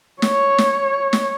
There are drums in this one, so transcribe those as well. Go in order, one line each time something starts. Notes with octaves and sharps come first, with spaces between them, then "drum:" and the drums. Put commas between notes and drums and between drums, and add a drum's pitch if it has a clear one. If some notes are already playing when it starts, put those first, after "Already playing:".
C#5, drum: snare
drum: snare
drum: snare